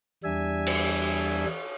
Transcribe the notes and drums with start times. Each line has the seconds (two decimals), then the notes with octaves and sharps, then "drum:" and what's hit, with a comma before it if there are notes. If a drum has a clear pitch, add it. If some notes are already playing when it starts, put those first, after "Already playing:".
0.24 E2 G3 D4 E5 G#5
0.66 drum: cymbal